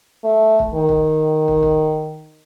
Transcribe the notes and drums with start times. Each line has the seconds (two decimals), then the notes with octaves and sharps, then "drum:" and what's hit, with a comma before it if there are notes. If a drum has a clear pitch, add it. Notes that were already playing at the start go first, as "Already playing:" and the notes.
0.24 A3
0.59 drum: kick
0.74 D#3
0.89 drum: kick
1.48 drum: kick
1.63 drum: kick